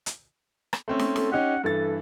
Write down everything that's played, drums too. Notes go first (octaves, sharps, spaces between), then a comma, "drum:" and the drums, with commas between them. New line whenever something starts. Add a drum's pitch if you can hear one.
drum: hi-hat
drum: rim click
A3 C4 C#4
drum: snare
A4, drum: snare
C#4 D#4 G4 F#5
G2 E3 A4 A6